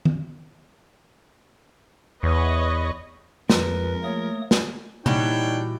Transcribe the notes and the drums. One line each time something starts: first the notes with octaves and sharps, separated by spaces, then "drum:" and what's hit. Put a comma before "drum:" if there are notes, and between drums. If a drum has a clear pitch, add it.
drum: tom
E2 B4 C#5 D#5
F2 F3 G#3 A#4 B4, drum: snare
A3 A#3 C#5 D#6
drum: snare
A#2 E3 G3 D4 D#4 F#4 C#5 G5, drum: tom